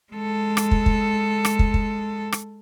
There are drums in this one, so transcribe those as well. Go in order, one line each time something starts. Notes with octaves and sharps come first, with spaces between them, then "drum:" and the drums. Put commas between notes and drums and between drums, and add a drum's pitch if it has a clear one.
G#3 A4
drum: rim click
drum: kick
drum: kick
drum: rim click
drum: kick
drum: kick
drum: rim click